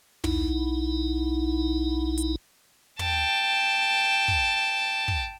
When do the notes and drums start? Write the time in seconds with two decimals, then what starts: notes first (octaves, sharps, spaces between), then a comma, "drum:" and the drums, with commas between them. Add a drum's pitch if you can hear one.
0.24 B1 D#4 E4, drum: tom
2.18 drum: hi-hat
2.99 G5 A5, drum: tom
4.28 drum: kick
5.08 drum: kick